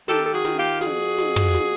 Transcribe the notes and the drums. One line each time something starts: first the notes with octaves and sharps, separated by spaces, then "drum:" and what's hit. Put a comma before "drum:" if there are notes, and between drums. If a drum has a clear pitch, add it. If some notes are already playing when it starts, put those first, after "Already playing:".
D#3 G4 A4, drum: snare
A4
F#4 G#4
D#3, drum: snare
F4 G4
F2 F#4 G#4, drum: snare
F2, drum: snare
drum: tom
drum: snare